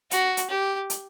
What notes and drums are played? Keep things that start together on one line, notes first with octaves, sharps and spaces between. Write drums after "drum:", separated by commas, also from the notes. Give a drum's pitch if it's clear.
F#4, drum: hi-hat
drum: hi-hat
G4
drum: hi-hat